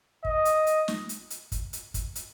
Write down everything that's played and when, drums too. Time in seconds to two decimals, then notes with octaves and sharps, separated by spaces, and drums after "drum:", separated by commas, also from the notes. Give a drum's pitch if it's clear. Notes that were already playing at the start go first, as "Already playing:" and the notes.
0.25 D#5, drum: kick
0.45 drum: hi-hat
0.67 drum: hi-hat
0.88 drum: snare
1.09 drum: hi-hat
1.30 drum: hi-hat
1.52 drum: kick, hi-hat
1.73 drum: hi-hat
1.94 drum: kick, hi-hat
2.15 drum: hi-hat